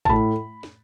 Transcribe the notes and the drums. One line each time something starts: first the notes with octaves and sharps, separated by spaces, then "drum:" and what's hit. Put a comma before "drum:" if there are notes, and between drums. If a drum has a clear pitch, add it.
A5, drum: kick A1
A2 B5
drum: snare